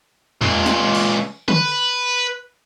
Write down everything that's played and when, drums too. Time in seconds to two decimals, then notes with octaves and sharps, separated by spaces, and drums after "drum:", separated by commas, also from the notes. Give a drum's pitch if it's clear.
0.41 C#2 A#2, drum: tom E2
0.66 drum: snare
0.95 drum: cymbal
1.48 B4, drum: tom D3